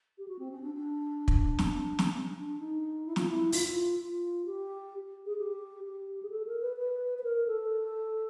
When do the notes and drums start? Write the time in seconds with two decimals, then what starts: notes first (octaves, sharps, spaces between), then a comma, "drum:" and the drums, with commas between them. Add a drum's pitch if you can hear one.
0.18 G4
0.28 F#4
0.39 C4
0.51 C#4
0.62 D4
0.75 D4
1.28 drum: kick
1.59 drum: snare
1.99 drum: snare
2.13 C#4
2.36 D4
2.59 D#4
3.06 E4
3.16 F4, drum: snare
3.26 E4
3.52 F4, drum: open hi-hat
3.61 E4
3.68 F4
3.98 F4
4.45 G4
5.26 G#4
5.37 G4
5.84 G4
6.22 G#4
6.30 A4
6.46 A#4
6.61 B4
6.77 B4
7.18 B4
7.24 A#4
7.47 A4